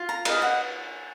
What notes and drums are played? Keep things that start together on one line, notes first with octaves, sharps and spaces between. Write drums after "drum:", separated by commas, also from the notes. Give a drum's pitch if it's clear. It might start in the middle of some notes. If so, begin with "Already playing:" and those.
Already playing: F4
A#5
B4 D#5 F5, drum: cymbal
F#5